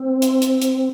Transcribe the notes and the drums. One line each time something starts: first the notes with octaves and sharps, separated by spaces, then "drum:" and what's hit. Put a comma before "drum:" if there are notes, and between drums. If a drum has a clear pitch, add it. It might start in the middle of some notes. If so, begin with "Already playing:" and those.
Already playing: C4
drum: hi-hat
drum: hi-hat
drum: hi-hat